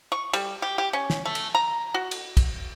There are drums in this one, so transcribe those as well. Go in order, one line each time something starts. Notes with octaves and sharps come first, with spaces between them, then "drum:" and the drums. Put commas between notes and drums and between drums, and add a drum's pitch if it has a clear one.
C#6
G3, drum: cymbal
G4
G4
C#4
drum: snare
A3
drum: cymbal
A#5
F#4
drum: cymbal
drum: kick, cymbal